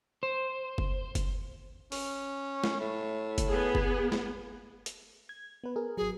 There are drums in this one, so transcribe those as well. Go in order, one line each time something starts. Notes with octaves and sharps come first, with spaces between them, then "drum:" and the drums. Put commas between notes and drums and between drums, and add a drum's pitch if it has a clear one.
C5
drum: kick F#1
drum: kick F#1, hi-hat
C#4, drum: open hi-hat
drum: snare
A2
drum: kick F#1, hi-hat
B3 G#4
drum: kick F#1
drum: snare
drum: hi-hat
G#6
B3 B4
G#4 A#4
G#1 F#3 G#4